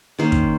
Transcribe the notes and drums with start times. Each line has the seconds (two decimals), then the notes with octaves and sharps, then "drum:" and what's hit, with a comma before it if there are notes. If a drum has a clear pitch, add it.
0.18 D#3 A#3 C#4 C5
0.32 drum: kick